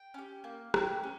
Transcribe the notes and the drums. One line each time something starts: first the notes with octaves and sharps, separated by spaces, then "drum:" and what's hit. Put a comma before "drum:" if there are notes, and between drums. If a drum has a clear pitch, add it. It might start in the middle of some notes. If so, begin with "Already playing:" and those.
Already playing: G5
C#4 G4
A#3
C#4 G4, drum: rim click
C#4